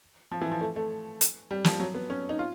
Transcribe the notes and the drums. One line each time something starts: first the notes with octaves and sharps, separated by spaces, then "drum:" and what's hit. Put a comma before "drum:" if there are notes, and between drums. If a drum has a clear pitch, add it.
F3
E3
F3
A3
A3
drum: hi-hat
G3
F3, drum: snare
F#3
B3
C#4
D#4
F4